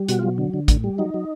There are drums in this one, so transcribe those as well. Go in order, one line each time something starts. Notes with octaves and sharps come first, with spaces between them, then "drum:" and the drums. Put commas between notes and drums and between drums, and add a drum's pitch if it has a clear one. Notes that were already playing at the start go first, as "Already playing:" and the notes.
Already playing: G3
B2 F#4, drum: hi-hat
F#3 F4
D3
D3
A2, drum: kick, hi-hat
G3
F#3 D#4
F#3